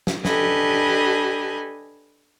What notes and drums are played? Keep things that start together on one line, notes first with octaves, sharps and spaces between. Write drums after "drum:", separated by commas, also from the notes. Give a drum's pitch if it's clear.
drum: snare
D4 G4 A4 B4 D#5 G#5, drum: snare